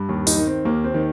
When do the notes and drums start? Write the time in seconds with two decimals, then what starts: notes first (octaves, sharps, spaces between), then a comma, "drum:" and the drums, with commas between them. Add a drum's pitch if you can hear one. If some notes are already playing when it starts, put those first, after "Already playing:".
Already playing: G2
0.09 D#2
0.27 D#4, drum: open hi-hat
0.37 D#3
0.47 C4
0.65 D#2 A#3
0.84 C4
0.94 D#3